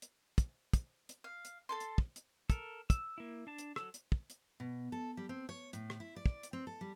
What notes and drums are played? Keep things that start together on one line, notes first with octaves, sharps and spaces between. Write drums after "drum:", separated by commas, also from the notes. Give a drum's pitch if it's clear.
drum: hi-hat
drum: kick, hi-hat
drum: kick, hi-hat
drum: hi-hat
F5
drum: hi-hat
A4 A5 C6
drum: hi-hat
drum: kick
drum: hi-hat
A4 A#4, drum: kick, hi-hat
E6, drum: kick, hi-hat
A#3 E4
D4 A5
drum: hi-hat
F#3 A4 E6, drum: rim click
drum: hi-hat
drum: kick
drum: hi-hat
B2
A4
G3
C4
C#5
A2, drum: hi-hat
drum: rim click
E4
D5
drum: kick
drum: hi-hat
C4
A4
G3